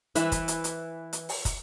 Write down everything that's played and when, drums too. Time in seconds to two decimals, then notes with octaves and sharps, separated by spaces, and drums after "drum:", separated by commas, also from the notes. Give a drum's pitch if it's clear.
0.15 E3 E4, drum: hi-hat
0.32 drum: kick, hi-hat
0.48 drum: hi-hat
0.64 drum: hi-hat
1.13 drum: hi-hat
1.29 drum: open hi-hat
1.45 drum: kick, hi-hat